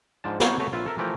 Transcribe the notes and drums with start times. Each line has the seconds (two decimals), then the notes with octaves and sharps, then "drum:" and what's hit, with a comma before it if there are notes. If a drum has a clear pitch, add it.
0.24 G#2 F3 D4 A5
0.40 F#3 A#3 B3 E4 C5 C#5, drum: snare
0.59 A3 F#4 G#4 A4 B4 C#5
0.72 A#1 F4 B4 E5
0.86 A4 A#4 E5
0.98 E3 F3 A3 G4 A#4